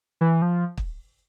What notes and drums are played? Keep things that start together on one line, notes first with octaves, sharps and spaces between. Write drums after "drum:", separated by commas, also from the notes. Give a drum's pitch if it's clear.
E3
F3
drum: kick